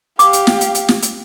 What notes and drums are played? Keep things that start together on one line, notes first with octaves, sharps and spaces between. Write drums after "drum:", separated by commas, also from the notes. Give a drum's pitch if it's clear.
G4 F5 D6, drum: hi-hat
drum: hi-hat
drum: snare
drum: hi-hat
drum: hi-hat
drum: snare
drum: hi-hat